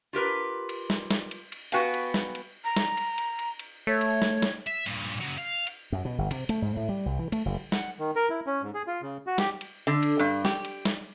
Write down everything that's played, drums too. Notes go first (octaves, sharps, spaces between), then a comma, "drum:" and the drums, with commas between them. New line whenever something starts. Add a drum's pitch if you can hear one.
F4 G4 A#4 B4
drum: cymbal
drum: snare
drum: snare
drum: cymbal
drum: cymbal
B3 F#4 B4 F5 G5 G#5, drum: cymbal
drum: cymbal
drum: snare
drum: cymbal
A#5
drum: snare
drum: cymbal
drum: cymbal
drum: cymbal
drum: cymbal
A3 C#5
drum: cymbal
drum: snare
drum: snare
E5
G2 A#2, drum: cymbal
drum: cymbal
C#3 F#3
F5
drum: cymbal
F#2
B2
G1
C3, drum: cymbal
A3, drum: cymbal
G#2
A2
G3
C2
E3
A3, drum: cymbal
F#1
F#5, drum: snare
D#3
A#4
E4
C#4
G#2
G#4
F4
C#3
F#4
G4, drum: snare
drum: cymbal
D3
drum: cymbal
G2
G4, drum: snare
drum: cymbal
drum: snare